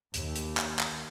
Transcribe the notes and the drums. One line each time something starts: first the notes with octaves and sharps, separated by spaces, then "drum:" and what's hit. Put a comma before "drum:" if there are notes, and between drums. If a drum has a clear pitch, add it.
D#2, drum: hi-hat
drum: hi-hat
drum: clap
drum: clap